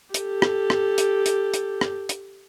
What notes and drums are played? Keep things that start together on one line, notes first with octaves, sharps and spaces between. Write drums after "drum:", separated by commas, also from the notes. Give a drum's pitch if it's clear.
G4 A4, drum: hi-hat
drum: rim click
drum: rim click
drum: hi-hat
drum: hi-hat
drum: hi-hat
drum: rim click
drum: hi-hat